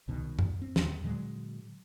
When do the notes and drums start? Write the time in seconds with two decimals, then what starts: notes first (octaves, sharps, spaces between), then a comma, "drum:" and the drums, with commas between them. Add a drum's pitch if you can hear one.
0.08 C2 B2 D#3
0.39 drum: tom F#2
0.61 C4
0.76 D#2, drum: snare
1.04 A#2 D3 F#3 G#3